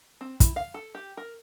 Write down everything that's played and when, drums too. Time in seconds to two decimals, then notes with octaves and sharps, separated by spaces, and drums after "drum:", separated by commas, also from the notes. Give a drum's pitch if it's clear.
0.21 C4
0.40 E4, drum: kick, hi-hat
0.56 F5
0.74 A4
0.95 G4
1.17 A#4